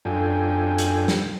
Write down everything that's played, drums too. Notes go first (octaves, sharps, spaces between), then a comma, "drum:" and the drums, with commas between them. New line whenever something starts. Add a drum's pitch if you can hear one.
F#2 D4 F4 A4 G5 G#5
drum: hi-hat
drum: snare